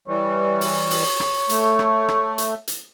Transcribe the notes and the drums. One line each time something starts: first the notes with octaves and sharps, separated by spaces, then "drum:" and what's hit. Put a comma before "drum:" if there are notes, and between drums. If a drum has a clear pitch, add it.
E3 G3 C#5
drum: open hi-hat
drum: open hi-hat
drum: rim click
A3, drum: hi-hat
drum: rim click
drum: rim click
drum: hi-hat
drum: hi-hat